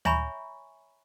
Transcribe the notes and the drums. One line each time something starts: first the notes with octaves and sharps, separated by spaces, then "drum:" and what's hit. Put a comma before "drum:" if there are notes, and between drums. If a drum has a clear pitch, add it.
C#5 E5 G#5 A#5 B5 C#6, drum: tom D2